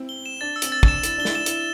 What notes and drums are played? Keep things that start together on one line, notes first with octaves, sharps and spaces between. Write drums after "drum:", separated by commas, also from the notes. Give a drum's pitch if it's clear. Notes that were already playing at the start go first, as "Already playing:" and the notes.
Already playing: C4 E4
G7
E7
D4 A6
E6
C4, drum: hi-hat
A6
D4, drum: kick
E7
E4 E7, drum: hi-hat
D4 G7
E4, drum: snare
E7
E4 E7, drum: hi-hat